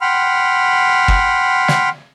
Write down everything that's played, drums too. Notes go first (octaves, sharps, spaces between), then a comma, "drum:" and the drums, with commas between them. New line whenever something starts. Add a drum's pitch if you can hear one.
F#5 G5 B5 C6 F6
drum: kick
drum: snare